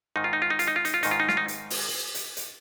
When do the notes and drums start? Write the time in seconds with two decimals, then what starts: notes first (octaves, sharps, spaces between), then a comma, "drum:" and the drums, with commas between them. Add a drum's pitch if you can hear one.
0.16 G#2 D#3 D#4
0.24 F4
0.33 D#4
0.42 F4
0.50 D#4
0.59 F4, drum: hi-hat
0.67 D#4
0.76 F4
0.85 D#4, drum: hi-hat
0.94 F4
1.03 G#2 D#3 D#4, drum: hi-hat
1.11 F4
1.20 D#4
1.29 F4, drum: snare
1.37 D#4
1.48 drum: hi-hat
1.70 drum: open hi-hat
2.15 drum: hi-hat
2.37 drum: hi-hat